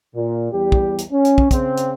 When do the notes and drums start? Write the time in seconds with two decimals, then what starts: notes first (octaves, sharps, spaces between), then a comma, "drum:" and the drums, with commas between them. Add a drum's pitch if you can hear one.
0.15 A#2
0.52 E2 G3 G4
0.72 drum: kick
0.98 drum: hi-hat
1.12 C#4
1.25 drum: hi-hat
1.38 drum: kick
1.51 C#3 C4, drum: kick, hi-hat
1.77 drum: hi-hat